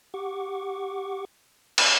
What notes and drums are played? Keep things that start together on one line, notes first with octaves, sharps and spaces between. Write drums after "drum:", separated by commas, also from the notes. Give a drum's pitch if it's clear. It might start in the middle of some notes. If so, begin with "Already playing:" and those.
G4 F#5 C#6 D6
drum: cymbal